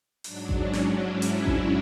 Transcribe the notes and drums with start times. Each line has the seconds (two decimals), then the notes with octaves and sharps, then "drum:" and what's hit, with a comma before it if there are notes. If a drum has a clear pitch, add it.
0.24 G#2 F#3 D4, drum: open hi-hat
0.49 drum: kick A1
0.61 C#4
0.73 drum: snare
0.97 E4
1.22 drum: hi-hat
1.46 drum: kick A1